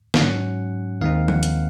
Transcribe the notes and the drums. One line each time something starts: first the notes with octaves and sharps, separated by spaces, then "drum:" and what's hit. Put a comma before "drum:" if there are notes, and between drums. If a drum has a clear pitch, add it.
F5, drum: snare
G#2 F#3 C#4 F#5
D#2 D#3 G#3 C4 D#4 F5
F#5, drum: tom F3
drum: hi-hat